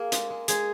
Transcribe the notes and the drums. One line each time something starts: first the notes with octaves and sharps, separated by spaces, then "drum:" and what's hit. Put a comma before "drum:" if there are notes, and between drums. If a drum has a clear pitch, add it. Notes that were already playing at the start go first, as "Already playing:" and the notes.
Already playing: A#3 G#4 A#4
G#3, drum: hi-hat
G#3
G#3 G#4, drum: hi-hat